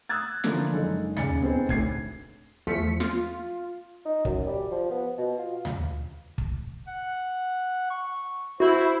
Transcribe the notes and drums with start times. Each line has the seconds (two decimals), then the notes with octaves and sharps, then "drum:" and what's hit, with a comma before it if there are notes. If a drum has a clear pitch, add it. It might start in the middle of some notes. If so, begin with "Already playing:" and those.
0.09 D#6 E6 F#6 G#6 A6
0.44 D3 E3 F3 A#3 D4, drum: snare
0.73 F#1 G#3 D#4 G#4 A4
1.17 C#3 G#5 A6 C#7, drum: tom D2
1.42 B3 C4 D#4 G#4 B4 C5
1.69 D2 A2 G#6 C7, drum: kick
2.67 E2 F3 A3 B6 C#7
3.00 F4, drum: snare
4.05 D#4
4.25 F#2, drum: kick
4.46 G3
4.71 F3
4.90 B3
5.18 B2
5.38 F4
5.65 drum: tom D2
6.38 drum: kick
6.87 F#5
7.90 C#6
8.60 E4 F#4 C5